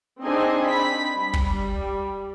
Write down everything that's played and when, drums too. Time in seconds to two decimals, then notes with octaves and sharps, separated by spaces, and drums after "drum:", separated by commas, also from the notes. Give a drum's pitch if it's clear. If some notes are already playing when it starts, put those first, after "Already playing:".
0.22 C4 D4 D#4 G#4 D#5 G#5
0.67 B5 B6
1.18 G3
1.33 drum: kick